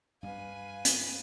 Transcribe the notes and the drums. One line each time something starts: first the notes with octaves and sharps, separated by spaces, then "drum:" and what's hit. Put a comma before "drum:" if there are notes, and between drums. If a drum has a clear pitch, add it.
G2 G3 B4 F5 G#5
drum: hi-hat